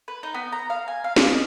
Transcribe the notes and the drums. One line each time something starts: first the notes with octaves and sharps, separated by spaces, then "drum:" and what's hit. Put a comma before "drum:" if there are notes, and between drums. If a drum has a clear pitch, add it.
B4
D#4
B3
A#5
F5
G#5
F5
D5, drum: snare
D#5